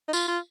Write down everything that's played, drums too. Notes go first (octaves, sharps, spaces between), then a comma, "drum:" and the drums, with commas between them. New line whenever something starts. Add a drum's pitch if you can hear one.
D#4
F4, drum: tambourine
F4